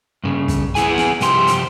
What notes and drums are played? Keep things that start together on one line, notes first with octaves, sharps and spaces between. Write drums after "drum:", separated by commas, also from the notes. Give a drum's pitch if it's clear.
G2 C#3
drum: kick, hi-hat
B3 E4 G#4 G#5, drum: hi-hat
drum: snare
C2 G2 F3 G4 C5 C6, drum: hi-hat
drum: hi-hat